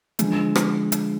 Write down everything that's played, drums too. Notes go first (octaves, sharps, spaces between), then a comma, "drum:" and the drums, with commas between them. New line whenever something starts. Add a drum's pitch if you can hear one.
D3 F3 G#3, drum: hi-hat
drum: rim click
drum: hi-hat